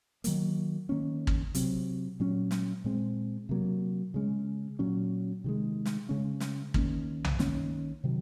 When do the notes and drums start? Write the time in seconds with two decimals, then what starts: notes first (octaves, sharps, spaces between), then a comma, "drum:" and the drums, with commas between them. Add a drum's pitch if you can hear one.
0.24 D#3 F#3 A#3, drum: hi-hat
0.89 D#3 A#3 C#4
1.27 drum: kick
1.55 C3 F#3 C4, drum: hi-hat
2.20 A#2 F#3 C#4
2.51 drum: snare
2.84 A#2 G#3 C4
3.49 C3 F#3 A#3
4.14 C#3 G#3 C#4
4.79 A#2 F#3 C#4
5.44 C3 D#3 G#3
5.86 drum: snare
6.09 C#3 G#3 C#4
6.40 drum: snare
6.74 D#3 A#3 C#4, drum: kick
7.24 drum: tom B1
7.39 D#3 A#3 C#4, drum: snare
8.04 C3 D#3 F#3